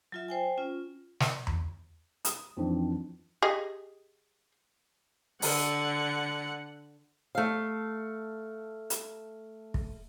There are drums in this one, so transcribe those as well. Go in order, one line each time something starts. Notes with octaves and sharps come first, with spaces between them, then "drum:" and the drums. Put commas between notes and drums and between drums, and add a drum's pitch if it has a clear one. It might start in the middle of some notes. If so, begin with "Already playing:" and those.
F#3 F4 E5
C5 G5 G#5
C#4 F4
drum: snare
drum: tom E2
D#6, drum: hi-hat
F2 E3 C4 D4 D#4
G4 G#4 D#5
D3 F#5, drum: open hi-hat
A3 F5
drum: hi-hat
drum: kick